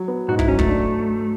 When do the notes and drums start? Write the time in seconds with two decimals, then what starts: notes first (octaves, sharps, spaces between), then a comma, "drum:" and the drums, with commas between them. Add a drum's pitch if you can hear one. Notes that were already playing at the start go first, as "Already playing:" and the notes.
Already playing: F#3
0.08 B3
0.28 G#2 F#4
0.39 E4, drum: kick
0.48 F#3 C#4
0.59 A3, drum: kick
0.68 D4